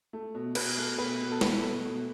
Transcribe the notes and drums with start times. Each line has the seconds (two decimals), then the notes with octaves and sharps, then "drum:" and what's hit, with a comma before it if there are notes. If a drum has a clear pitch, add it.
0.13 A3
0.35 B2
0.55 B2 B4, drum: cymbal
0.77 A3
0.98 B2 B4
1.20 B2
1.31 A4
1.41 B2 B4, drum: snare
1.63 A3
1.85 B2